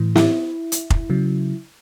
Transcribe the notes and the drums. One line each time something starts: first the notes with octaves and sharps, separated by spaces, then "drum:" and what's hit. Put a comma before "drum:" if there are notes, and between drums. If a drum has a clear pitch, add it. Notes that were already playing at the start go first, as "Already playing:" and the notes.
Already playing: A2 E3
E4, drum: snare
drum: hi-hat
drum: kick F1
C#3 F#3